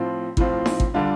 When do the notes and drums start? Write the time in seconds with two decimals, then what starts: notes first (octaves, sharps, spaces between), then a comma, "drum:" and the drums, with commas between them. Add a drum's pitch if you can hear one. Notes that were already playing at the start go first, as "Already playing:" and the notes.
Already playing: A2 F3 C4 F4
0.37 A2 F3 C4 F4, drum: kick
0.66 drum: snare D#4
0.80 drum: kick
0.94 D3 G3 D4 F4